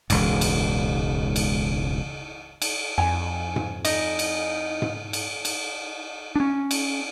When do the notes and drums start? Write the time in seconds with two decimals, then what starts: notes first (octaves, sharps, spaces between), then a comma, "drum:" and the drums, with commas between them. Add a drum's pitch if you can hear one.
0.10 E1 C#2 G#2, drum: cymbal
0.41 drum: cymbal
1.36 drum: cymbal
2.62 drum: cymbal
2.98 F2 G#5
3.56 drum: tom G#2
3.85 D#4, drum: cymbal
4.19 drum: cymbal
4.82 drum: tom G#2
5.13 drum: cymbal
5.45 drum: cymbal
6.35 C#4 D4
6.71 drum: cymbal